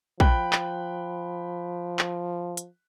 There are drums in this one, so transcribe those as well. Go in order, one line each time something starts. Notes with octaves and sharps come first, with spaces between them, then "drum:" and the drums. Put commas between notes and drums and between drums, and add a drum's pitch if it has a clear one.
F3 G5 B5 F#6, drum: kick
drum: clap
drum: clap
drum: hi-hat